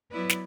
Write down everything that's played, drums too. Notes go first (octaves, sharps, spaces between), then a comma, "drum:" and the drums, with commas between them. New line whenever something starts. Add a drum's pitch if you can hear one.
F#3 B3 E4 B4 D5
drum: snare